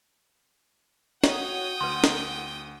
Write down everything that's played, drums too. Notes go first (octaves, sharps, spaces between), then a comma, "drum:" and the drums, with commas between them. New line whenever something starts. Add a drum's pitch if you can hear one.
F#4 C#5 G5 D#6, drum: snare
D2 B4 C6
drum: snare